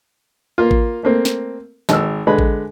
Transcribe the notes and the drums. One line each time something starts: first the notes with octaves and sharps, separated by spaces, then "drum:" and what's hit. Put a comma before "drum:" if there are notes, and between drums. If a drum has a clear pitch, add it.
A#3 F4
drum: kick A1
A3 A#3 C4
drum: snare
G#1 E6, drum: snare
D3 G#3 B4 B5
drum: kick A1